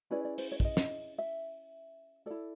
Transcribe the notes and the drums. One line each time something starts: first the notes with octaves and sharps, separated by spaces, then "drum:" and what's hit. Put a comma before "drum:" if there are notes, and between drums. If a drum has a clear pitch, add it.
C#4 E4 G#4 B4 D5
D5
C5, drum: open hi-hat
C#5
D5, drum: kick
D#5
drum: snare
E5
E4 A4 D5